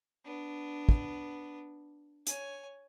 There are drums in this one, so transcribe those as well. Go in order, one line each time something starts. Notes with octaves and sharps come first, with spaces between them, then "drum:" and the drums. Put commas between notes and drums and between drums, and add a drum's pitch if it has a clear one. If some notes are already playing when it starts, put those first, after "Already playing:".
B3 D4
drum: kick
C#5 G#5, drum: hi-hat